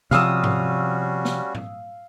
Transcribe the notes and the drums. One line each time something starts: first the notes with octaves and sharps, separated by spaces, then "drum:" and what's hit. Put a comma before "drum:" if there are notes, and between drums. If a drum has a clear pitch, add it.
C3 F3 G3 C#4 F#4 F5 D#6 E6, drum: snare
drum: tom G#2
drum: snare
drum: tom G#2